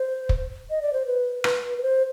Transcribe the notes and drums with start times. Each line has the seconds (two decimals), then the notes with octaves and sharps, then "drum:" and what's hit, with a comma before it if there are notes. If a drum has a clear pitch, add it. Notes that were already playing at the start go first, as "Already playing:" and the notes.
Already playing: C5
0.29 drum: kick
0.70 D#5
0.82 D5
0.93 C5
1.07 B4
1.44 B4, drum: rim click
1.78 B4
1.83 C5